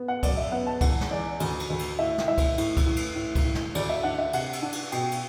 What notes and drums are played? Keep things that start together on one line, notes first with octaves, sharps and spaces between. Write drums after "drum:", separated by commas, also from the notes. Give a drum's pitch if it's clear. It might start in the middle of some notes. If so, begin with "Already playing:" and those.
Already playing: B3
F#5
F#2 D5, drum: kick C2, cymbal
E5
B3 F#5
A5
E2 F#5, drum: kick C2, cymbal
drum: snare
E2 D5
D2, drum: cymbal
drum: cymbal
D2
drum: cymbal
A2 E5
drum: snare
A2 E5
drum: kick C2, cymbal
A2, drum: cymbal
drum: kick C2, cymbal
A2
drum: cymbal
A2
drum: kick C2, cymbal
A2
drum: snare
D2 D5, drum: cymbal
E5
D4 F#5
E5
C3 F#5, drum: cymbal
drum: cymbal
D4 F#5
drum: cymbal
B2 G5, drum: cymbal
drum: cymbal